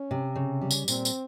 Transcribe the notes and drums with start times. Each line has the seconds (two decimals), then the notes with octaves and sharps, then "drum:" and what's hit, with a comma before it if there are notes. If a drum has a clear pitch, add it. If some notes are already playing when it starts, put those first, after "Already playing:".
Already playing: C#4
0.11 C3
0.36 C#3
0.61 G3
0.71 drum: tambourine
0.88 A#2 C4, drum: tambourine
1.05 drum: tambourine